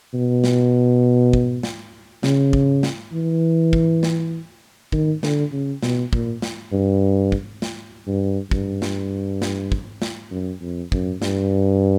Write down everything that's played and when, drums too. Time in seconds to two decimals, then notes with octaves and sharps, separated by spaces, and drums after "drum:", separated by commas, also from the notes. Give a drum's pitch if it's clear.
0.14 B2
0.44 drum: snare
1.33 drum: kick
1.63 drum: snare
2.23 C#3, drum: snare
2.53 drum: kick
2.83 drum: snare
3.13 E3
3.73 drum: kick
4.03 drum: snare
4.92 D#3, drum: kick
5.23 D3, drum: snare
5.52 C#3
5.83 B2, drum: snare
6.13 A#2, drum: kick
6.42 drum: snare
6.72 G2
7.32 drum: kick
7.62 drum: snare
8.07 G2
8.51 G2, drum: kick
8.82 drum: snare
9.42 drum: snare
9.72 drum: kick
10.02 drum: snare
10.31 F#2
10.61 F2
10.92 F#2, drum: kick
11.22 G2, drum: snare